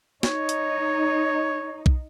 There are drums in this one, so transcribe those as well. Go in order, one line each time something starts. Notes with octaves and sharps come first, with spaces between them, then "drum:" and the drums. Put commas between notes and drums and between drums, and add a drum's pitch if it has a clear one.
D#4 C#5, drum: snare
drum: hi-hat
drum: kick B1